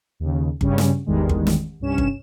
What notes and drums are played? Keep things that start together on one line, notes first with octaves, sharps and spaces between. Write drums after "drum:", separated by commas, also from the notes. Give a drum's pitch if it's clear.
D#2 C#3
G2 C#3 G3 C#4, drum: kick G1
drum: snare
G#1 E2 D#3 G3 G#3
drum: kick G1
drum: snare
C2 G2 C#4 E7
drum: kick G1